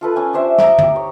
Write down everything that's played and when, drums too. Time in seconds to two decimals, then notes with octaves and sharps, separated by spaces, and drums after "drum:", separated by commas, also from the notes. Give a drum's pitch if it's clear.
0.01 F4 A4 B4
0.16 C#4 G#5
0.33 D4 G4 C5 E5
0.58 D#5 E5 A#5 D6, drum: snare
0.78 D#4 G4, drum: tom
0.96 C#5